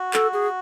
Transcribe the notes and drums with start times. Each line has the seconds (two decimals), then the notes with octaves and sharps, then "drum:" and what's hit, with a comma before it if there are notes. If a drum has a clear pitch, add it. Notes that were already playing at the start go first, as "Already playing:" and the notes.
Already playing: F#4
0.14 A4, drum: clap
0.33 G#4